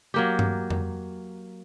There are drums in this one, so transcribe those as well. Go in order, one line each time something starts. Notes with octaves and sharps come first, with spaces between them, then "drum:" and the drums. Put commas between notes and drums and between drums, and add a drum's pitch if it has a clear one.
F#3 A#3 G4
drum: tom G2
drum: tom F2